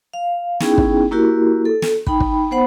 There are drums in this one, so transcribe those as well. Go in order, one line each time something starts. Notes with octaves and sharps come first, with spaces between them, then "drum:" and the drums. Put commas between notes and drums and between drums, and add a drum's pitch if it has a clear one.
F5
B3 C#4 D#4 E4 G#4 G5, drum: snare
drum: kick
A#3 E4 F#4 G4 A#4
A4
drum: snare
D#4 G5 B5, drum: kick
drum: kick
B3 C5 F#5 B5